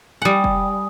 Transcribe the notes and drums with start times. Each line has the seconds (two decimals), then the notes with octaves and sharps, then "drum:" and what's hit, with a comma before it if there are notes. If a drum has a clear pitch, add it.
0.22 G3 F#5 G#5 D#6
0.44 drum: kick F1